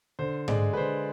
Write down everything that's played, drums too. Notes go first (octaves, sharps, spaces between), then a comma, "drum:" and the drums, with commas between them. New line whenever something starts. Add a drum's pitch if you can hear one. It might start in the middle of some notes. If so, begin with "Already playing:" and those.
D3 C5
G#3 D5, drum: tom G#2
B4
D3 C5